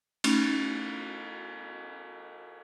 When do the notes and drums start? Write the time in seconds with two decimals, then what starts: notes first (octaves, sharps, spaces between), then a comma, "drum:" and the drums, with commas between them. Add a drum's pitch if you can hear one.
0.24 A3 C#4 D#4, drum: cymbal